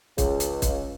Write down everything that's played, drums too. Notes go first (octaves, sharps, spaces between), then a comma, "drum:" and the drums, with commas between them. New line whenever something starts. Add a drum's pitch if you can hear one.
C#2, drum: kick, hi-hat
drum: hi-hat
drum: kick, hi-hat